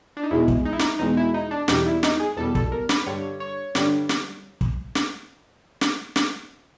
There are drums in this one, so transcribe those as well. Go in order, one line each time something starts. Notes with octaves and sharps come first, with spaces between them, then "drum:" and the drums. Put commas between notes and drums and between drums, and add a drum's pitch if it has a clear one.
D4
D#4
E2 B2 G#3 E4
drum: kick
D#4
E4
D#4, drum: snare
E2 B2 G#3 D#4
E4
D#4
D4
E2 B2 G3 D#4, drum: snare
E4
D#4, drum: snare
G#4
E2 B2 G3 A4
A4, drum: kick
A#4
B4, drum: snare
G2 D3 G3 C#5
C#5
G2 D3 G3, drum: snare
drum: snare
drum: kick
drum: snare
drum: snare
drum: snare